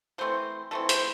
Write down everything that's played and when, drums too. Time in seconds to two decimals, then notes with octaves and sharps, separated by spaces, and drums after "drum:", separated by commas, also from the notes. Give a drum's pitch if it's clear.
0.18 E3 A3 C4 C5
0.71 E3 A3 C4 A4
0.89 C5, drum: hi-hat